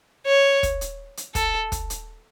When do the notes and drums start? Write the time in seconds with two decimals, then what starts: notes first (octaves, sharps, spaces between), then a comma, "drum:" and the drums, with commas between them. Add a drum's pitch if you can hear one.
0.26 C#5
0.63 drum: kick, hi-hat
0.81 drum: hi-hat
1.17 drum: hi-hat
1.35 A4, drum: kick, hi-hat
1.72 drum: kick, hi-hat
1.90 drum: hi-hat